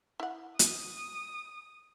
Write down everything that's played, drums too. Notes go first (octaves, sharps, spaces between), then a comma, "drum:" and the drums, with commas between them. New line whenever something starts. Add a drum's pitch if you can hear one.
E4 F#5
D#6, drum: hi-hat